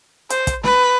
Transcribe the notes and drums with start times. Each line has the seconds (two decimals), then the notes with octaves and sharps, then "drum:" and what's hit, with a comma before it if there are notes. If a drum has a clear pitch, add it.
0.30 C5, drum: hi-hat
0.47 drum: kick, hi-hat
0.64 B4, drum: snare